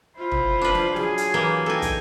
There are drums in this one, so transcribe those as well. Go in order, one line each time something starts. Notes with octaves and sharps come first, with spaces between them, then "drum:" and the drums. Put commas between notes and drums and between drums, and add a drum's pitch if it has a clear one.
E4 F4 C5
drum: tom
D4 B4
drum: snare
F#3 G#4, drum: snare
drum: hi-hat
E3 A#3 G4
D#4 A4 G5 G#5
drum: kick, hi-hat